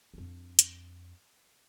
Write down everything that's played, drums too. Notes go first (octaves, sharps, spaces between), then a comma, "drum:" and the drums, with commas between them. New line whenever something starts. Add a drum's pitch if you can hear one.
F2 D4
drum: hi-hat